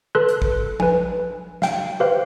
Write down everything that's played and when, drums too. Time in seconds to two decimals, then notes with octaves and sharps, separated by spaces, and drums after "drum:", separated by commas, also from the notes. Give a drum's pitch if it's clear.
0.15 A4 B4 C6 F#6
0.29 drum: hi-hat
0.42 drum: kick
0.80 B4 G#5, drum: tom
1.62 F5 G5, drum: snare
2.00 G4 B4 C5 F5